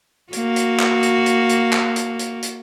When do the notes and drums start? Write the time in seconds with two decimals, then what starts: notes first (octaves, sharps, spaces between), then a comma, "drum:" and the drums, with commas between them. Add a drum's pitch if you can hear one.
0.33 A#3 F#4, drum: hi-hat
0.56 drum: hi-hat
0.79 drum: clap
1.03 drum: hi-hat
1.26 drum: hi-hat
1.49 drum: hi-hat
1.73 drum: clap
1.96 drum: hi-hat
2.19 drum: hi-hat
2.42 drum: hi-hat